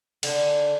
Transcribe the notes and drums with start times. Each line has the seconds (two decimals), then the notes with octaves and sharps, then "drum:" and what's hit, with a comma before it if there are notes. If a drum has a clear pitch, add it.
0.23 D3, drum: cymbal